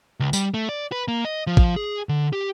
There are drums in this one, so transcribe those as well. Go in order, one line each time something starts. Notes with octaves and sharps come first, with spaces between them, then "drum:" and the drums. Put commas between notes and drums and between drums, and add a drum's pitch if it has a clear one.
C#2
G3, drum: tambourine
A3
D5
B4
A#3
D#5
F3
drum: kick
G#4
D3
G4